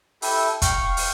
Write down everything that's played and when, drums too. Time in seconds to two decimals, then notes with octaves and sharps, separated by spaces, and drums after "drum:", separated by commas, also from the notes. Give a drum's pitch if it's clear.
0.22 E4 G4 A4 E5, drum: open hi-hat
0.62 F5 G5 C#6, drum: kick, hi-hat
0.97 drum: open hi-hat